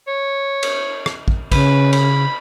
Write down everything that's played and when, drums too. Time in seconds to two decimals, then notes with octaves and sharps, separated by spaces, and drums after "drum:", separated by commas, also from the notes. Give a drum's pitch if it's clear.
0.07 C#5
0.63 drum: cymbal
1.06 drum: rim click
1.28 drum: kick
1.52 C#3 B4, drum: kick, cymbal
1.93 B5, drum: cymbal